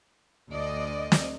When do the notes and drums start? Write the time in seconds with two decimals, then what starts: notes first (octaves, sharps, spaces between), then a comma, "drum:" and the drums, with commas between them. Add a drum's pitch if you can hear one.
0.50 D2 D5 D#5
1.12 drum: snare